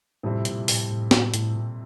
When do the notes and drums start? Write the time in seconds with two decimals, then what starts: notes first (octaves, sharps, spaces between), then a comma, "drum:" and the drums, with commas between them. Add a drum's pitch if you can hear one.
0.23 F2 A2 C3 G3 C4 E4
0.45 A#2, drum: hi-hat
0.68 A2, drum: open hi-hat
0.90 A2
1.11 A2, drum: snare
1.34 A2, drum: hi-hat
1.56 A#2